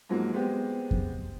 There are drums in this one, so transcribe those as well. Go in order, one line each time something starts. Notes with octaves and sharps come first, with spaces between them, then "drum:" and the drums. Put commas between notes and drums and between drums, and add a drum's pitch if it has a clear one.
G#2 F3 F#3 G#3 A#3
G#3 B3 C4 G4
drum: kick F2